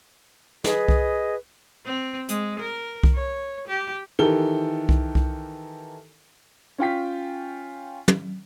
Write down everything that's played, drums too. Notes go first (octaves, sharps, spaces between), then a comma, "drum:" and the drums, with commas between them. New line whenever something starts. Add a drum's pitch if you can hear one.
G#4 B4 D#5, drum: snare
drum: kick C2
C4
G#3, drum: hi-hat
A#4
drum: kick C2
C#5
G4
D#3 E3 G4 A4 A#4 G7
drum: kick C2
drum: kick C2
C#4 F4 G5 B6
drum: tom